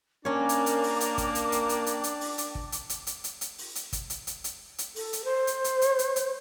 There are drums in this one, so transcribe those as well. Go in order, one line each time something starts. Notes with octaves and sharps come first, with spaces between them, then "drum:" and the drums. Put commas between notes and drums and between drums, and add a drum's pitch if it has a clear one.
A#3 C#4 D4 C#5 G5 D6
drum: hi-hat
drum: hi-hat
drum: open hi-hat
drum: hi-hat
drum: kick, hi-hat
drum: hi-hat
drum: hi-hat
drum: hi-hat
drum: hi-hat
drum: hi-hat
drum: open hi-hat
drum: hi-hat
drum: kick
drum: hi-hat
drum: hi-hat
drum: hi-hat
drum: hi-hat
drum: hi-hat
drum: open hi-hat
drum: hi-hat
drum: kick, hi-hat
drum: hi-hat
drum: hi-hat
drum: hi-hat
drum: hi-hat
A4, drum: open hi-hat
drum: hi-hat
C5
drum: hi-hat
drum: hi-hat
drum: hi-hat
drum: hi-hat
drum: hi-hat